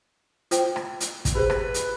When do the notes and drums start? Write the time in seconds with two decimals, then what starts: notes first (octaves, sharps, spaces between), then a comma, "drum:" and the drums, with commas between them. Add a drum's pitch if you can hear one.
0.51 F4 C5 G5, drum: hi-hat
0.76 drum: rim click
1.00 drum: hi-hat
1.25 drum: kick, hi-hat
1.35 G4 G#4 B4 C5
1.50 drum: rim click
1.74 drum: hi-hat